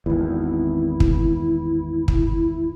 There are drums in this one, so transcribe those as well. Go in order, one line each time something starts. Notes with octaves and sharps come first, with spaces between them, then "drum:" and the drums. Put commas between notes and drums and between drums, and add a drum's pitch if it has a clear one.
G#1 E2 E4
drum: kick
drum: kick